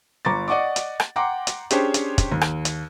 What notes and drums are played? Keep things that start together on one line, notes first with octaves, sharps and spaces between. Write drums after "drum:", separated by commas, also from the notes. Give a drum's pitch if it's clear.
G1 A#5 C#6 D6 A6
D5 D#5 F#5 C#6 D6
drum: hi-hat
drum: rim click
F#5 G5 A#5 C6 D6
drum: hi-hat
C#4 D4 G4 G#4 C5 C#5, drum: hi-hat
drum: hi-hat
drum: kick, hi-hat
D#2
drum: rim click
drum: hi-hat